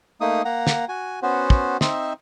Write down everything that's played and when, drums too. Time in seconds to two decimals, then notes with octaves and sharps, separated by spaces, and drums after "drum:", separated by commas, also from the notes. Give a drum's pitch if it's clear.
0.21 A3 A#3 D#4 D#6
0.45 A#3 F#5 A#5
0.67 drum: snare
0.89 F#4 G#5
1.22 B3 C#4 F#4 C5
1.50 drum: kick
1.81 C4 D#4 C5 D#5 E5, drum: snare